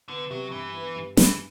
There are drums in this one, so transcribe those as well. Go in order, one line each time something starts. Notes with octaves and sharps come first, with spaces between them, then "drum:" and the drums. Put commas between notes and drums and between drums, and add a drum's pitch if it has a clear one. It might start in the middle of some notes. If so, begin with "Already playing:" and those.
D3 B3
C3 F#3
G2 E3
B3
G2
G2 E3, drum: snare